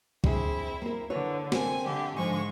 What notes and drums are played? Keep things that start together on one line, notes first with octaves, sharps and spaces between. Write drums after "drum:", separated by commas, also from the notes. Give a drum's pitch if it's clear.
C4 D4 E4 G#4, drum: kick
A#3 A#4
D3 E4 B4 C#5
C3 C4 A#4 G#5, drum: snare
D3 G4 E5
G#2 D3 F3 G#3 G#5 C#6